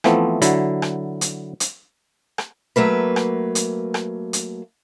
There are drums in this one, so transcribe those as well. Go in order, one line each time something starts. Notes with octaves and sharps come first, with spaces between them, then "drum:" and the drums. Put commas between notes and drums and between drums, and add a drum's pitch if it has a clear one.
E3 F3 A3 B3 C4, drum: rim click
D3 F#3 E4, drum: hi-hat
drum: rim click
drum: hi-hat
drum: hi-hat
drum: rim click
F#3 A3 A#3 B4
drum: rim click
drum: hi-hat
drum: rim click
drum: hi-hat